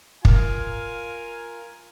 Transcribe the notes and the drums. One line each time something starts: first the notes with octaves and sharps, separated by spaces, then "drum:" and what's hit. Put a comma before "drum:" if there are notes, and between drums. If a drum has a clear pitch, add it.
F4 A#4 F5 G#5, drum: kick